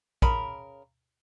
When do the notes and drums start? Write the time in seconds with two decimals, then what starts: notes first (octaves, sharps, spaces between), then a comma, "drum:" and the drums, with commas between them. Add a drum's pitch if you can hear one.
0.22 C#3 A#4 B5, drum: kick A#1